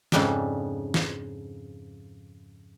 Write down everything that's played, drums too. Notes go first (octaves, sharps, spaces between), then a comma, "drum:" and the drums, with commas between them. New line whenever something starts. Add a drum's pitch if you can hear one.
F2 G#2 C#3 D4 E5 G5, drum: snare
drum: snare